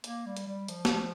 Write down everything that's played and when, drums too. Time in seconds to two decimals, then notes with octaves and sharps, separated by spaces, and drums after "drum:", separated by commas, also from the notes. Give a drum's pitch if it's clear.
0.04 A#3, drum: hi-hat
0.26 G3
0.37 drum: hi-hat
0.47 G3
0.68 F3, drum: hi-hat
0.85 drum: snare